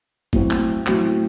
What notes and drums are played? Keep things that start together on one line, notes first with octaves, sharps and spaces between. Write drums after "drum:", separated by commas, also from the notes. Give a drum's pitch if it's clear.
A2 F#3 C4 F#4, drum: kick F#1
drum: clap
A2 F#3 C4 F#4, drum: clap